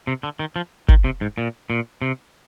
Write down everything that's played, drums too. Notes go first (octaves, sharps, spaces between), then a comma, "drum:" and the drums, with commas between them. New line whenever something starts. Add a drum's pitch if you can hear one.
C3
D3
D#3
F3
D#3, drum: kick
C3
G#2
A#2
A#2
C3